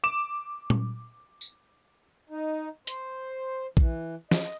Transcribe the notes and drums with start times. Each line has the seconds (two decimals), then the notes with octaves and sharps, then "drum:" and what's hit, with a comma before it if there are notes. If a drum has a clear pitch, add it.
0.04 D6 E7
0.70 drum: tom A#2
1.41 drum: tambourine
2.29 D#4
2.87 C5, drum: hi-hat
3.77 E3, drum: kick A#1
4.31 D#5, drum: snare